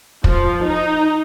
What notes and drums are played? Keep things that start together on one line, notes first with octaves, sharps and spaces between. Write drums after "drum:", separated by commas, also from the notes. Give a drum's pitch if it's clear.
F3, drum: kick
D#4